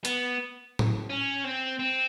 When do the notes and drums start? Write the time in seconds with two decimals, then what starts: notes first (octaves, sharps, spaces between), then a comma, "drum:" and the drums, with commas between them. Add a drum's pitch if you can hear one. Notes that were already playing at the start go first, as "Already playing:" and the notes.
0.05 B3, drum: hi-hat
0.79 drum: tom A2
1.10 C#4
1.44 C4
1.79 C4